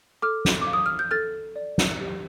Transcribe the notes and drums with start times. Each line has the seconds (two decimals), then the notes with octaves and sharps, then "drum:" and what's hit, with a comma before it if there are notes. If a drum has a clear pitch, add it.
0.22 A4 D6 F6
0.45 drum: snare
0.61 D6
0.67 F5
0.73 D#6
0.86 F6
0.99 G6
1.11 A4 F6 A6
1.56 D5
1.78 drum: snare
2.00 G4